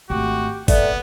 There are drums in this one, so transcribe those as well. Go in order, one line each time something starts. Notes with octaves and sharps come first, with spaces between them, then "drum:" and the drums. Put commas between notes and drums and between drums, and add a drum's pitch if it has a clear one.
G#1 A3 F#4 G4
F#1 A3 B3 D5, drum: kick G#1, open hi-hat